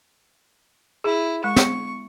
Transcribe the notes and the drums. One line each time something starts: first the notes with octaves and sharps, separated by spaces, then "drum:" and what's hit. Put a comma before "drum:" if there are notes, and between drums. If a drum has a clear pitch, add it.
E4 G#4
G#3 C#6
drum: snare